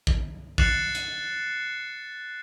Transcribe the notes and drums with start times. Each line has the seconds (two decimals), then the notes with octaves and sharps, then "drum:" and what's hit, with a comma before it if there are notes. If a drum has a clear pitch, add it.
0.07 drum: kick
0.58 F#6 A6 C7 C#7 E7 F#7, drum: kick
0.95 drum: hi-hat